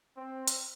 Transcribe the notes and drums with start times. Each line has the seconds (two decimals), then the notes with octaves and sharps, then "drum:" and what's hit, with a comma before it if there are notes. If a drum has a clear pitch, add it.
0.16 C4
0.48 drum: hi-hat